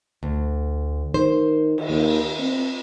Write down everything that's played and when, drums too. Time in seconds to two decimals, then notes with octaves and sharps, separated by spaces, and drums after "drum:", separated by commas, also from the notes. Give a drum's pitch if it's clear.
0.23 D2
1.14 D#3 C5
1.78 drum: cymbal
1.89 D#2
2.39 C4